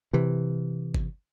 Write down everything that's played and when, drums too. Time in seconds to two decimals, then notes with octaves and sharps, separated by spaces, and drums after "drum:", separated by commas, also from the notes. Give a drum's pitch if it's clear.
0.13 C3 E3
0.95 drum: kick G1